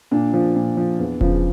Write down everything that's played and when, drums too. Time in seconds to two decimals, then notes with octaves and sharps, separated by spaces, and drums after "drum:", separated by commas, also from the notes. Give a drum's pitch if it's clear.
0.11 A#2 D4
0.33 F3
0.55 A#2
0.77 F3
0.99 E2
1.21 C#3 F3, drum: kick E1